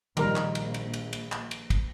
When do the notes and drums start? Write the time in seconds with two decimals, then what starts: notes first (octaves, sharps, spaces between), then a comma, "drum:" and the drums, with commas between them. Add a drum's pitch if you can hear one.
0.17 A#1 D#3 G3 A#4, drum: cymbal
0.36 drum: clap
0.55 drum: cymbal
0.74 drum: cymbal
0.94 drum: cymbal
1.13 drum: cymbal
1.32 drum: clap
1.51 drum: cymbal
1.70 drum: kick, cymbal